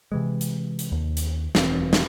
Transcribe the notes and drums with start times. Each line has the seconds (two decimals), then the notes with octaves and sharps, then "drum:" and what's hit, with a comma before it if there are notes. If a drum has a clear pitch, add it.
0.12 C3 E3 G#3
0.41 drum: hi-hat
0.79 drum: hi-hat
0.92 D#2
1.17 drum: hi-hat
1.55 E1 E3 C4, drum: snare
1.93 drum: snare